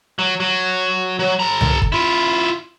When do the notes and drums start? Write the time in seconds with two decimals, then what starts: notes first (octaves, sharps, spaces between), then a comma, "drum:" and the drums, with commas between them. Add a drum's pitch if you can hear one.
0.19 F#3
0.40 F#3
1.19 F#3
1.40 A4 A#5
1.61 drum: tom C2
1.82 drum: kick
1.92 E4 F4